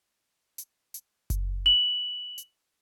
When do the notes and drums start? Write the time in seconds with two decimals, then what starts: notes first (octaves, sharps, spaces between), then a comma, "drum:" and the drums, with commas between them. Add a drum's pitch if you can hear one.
0.58 drum: hi-hat
0.94 drum: hi-hat
1.30 drum: kick F#1, hi-hat
1.66 F#7
2.38 drum: hi-hat